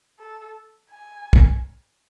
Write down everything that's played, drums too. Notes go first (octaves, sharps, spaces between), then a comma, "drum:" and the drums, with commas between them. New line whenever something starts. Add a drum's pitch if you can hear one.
A4
G#5
drum: kick